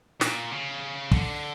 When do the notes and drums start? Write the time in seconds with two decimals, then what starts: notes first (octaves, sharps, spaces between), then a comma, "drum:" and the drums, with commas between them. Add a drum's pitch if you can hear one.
0.21 A#2, drum: snare
0.51 C#3
1.11 D3, drum: kick